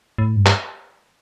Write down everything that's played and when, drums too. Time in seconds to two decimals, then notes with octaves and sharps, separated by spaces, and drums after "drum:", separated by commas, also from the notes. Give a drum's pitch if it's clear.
0.18 A2
0.36 G2
0.46 drum: clap